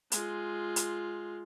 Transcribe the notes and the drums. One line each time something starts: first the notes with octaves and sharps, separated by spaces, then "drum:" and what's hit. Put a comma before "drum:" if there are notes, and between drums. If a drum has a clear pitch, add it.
G#3 F4, drum: hi-hat
drum: hi-hat